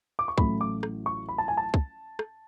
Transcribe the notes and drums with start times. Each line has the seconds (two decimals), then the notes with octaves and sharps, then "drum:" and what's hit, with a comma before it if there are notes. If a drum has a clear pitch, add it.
0.19 D6
0.28 C#6
0.38 A1 A2 F#3 A3 B5, drum: kick
0.61 D6
0.83 drum: rim click
1.06 C#6
1.29 B5
1.38 A5
1.48 G#5
1.57 A5
1.74 drum: kick
2.19 drum: rim click